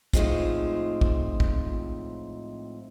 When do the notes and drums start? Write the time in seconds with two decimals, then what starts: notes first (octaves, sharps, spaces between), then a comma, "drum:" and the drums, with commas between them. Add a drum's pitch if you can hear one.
0.13 A2 F3 G#3 C4 D#4 F4, drum: kick
1.01 drum: kick
1.40 drum: kick